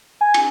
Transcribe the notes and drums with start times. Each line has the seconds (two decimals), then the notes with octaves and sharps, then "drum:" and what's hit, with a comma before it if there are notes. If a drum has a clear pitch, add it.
0.21 G#5
0.34 drum: cymbal